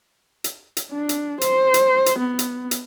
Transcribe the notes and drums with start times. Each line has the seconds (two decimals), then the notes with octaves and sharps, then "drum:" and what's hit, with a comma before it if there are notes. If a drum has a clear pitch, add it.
0.44 drum: hi-hat
0.77 drum: hi-hat
0.91 D4
1.09 drum: hi-hat
1.41 C5, drum: hi-hat
1.74 drum: hi-hat
2.06 drum: hi-hat
2.19 B3
2.39 drum: hi-hat
2.71 drum: hi-hat